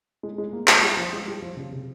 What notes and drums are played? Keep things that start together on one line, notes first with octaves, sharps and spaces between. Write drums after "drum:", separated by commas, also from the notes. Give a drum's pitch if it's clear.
G#3
G#3
A#3
G#3, drum: clap
G3
F3
G#3
G3
F3
C#3
C3